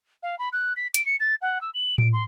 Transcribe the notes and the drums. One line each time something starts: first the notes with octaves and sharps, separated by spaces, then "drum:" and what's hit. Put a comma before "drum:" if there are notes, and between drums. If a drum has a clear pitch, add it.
F5
B5
F#6
B6
D7, drum: hi-hat
C#7
A6
F#5
E6
F#7
D7, drum: tom A2
C6